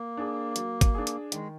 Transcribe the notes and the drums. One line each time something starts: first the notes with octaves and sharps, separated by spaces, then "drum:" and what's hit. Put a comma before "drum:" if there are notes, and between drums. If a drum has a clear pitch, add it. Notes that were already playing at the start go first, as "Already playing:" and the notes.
Already playing: A#3
D4 G#4
F#3, drum: hi-hat
drum: kick, hi-hat
D4 G#4
drum: hi-hat
D#3 G#3, drum: hi-hat